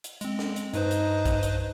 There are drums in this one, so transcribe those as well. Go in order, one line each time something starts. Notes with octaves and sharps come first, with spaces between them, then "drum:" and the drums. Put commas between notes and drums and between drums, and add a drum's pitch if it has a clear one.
drum: hi-hat
G#3 C4, drum: hi-hat
drum: snare
drum: hi-hat
G2 D#4 B4 C5, drum: hi-hat
drum: hi-hat
drum: kick, hi-hat
drum: hi-hat